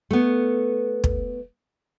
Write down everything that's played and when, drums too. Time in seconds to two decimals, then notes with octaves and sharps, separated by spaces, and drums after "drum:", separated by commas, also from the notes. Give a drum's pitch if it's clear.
0.11 A3 B3
1.04 drum: kick